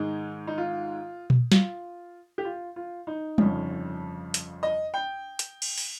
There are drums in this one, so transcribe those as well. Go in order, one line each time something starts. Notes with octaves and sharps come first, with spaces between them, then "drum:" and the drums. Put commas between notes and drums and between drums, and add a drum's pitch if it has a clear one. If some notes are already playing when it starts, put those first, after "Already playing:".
Already playing: G#2 D#3 G#3 D#4
D#4
F4
drum: tom A#2
F4, drum: snare
G4
F4
F4
D#4
G1 F2 C#3 F3, drum: tom G3
drum: hi-hat
D#5
G5
drum: hi-hat
drum: cymbal
drum: open hi-hat